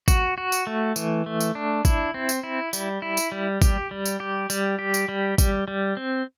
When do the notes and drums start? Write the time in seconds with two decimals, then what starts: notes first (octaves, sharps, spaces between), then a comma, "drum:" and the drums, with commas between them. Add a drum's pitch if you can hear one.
0.08 F#4, drum: kick G#1, tambourine
0.38 F#4
0.52 drum: tambourine
0.67 A3
0.96 E3, drum: tambourine
1.26 A3
1.40 drum: tambourine
1.55 D4
1.85 E4, drum: kick G#1, tambourine
2.14 C4
2.29 drum: tambourine
2.43 E4
2.73 G3, drum: tambourine
3.02 E4
3.17 drum: tambourine
3.32 G3
3.62 G4, drum: kick G#1, tambourine
3.91 G3
4.05 drum: tambourine
4.20 G4
4.50 G3, drum: tambourine
4.79 G4
4.94 drum: tambourine
5.09 G3
5.38 G3, drum: kick G#1, tambourine
5.68 G3
5.97 C4